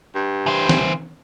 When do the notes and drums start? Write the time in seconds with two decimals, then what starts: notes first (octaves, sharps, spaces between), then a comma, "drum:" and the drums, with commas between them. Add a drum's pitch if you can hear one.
0.15 G2
0.46 E3 C5
0.69 drum: snare